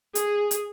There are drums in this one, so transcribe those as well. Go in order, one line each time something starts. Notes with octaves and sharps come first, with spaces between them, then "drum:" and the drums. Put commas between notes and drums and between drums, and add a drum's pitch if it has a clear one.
G#4, drum: hi-hat
drum: hi-hat